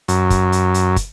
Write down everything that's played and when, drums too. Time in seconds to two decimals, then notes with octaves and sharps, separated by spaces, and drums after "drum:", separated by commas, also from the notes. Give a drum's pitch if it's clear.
0.08 F#2, drum: hi-hat
0.30 drum: kick, hi-hat
0.52 drum: hi-hat
0.74 drum: hi-hat
0.96 drum: kick, hi-hat